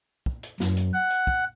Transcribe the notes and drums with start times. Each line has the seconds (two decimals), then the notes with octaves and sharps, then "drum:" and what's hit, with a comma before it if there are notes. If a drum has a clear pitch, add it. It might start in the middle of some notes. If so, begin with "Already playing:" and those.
0.26 drum: kick
0.43 drum: hi-hat
0.60 F#2, drum: snare
0.77 drum: hi-hat
0.94 F#5
1.10 drum: hi-hat
1.27 drum: kick